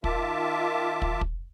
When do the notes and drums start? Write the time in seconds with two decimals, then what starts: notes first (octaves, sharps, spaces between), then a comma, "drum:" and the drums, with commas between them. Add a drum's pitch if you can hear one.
0.04 D#3 F4 E5 A5 D6, drum: kick
1.02 drum: kick
1.21 drum: kick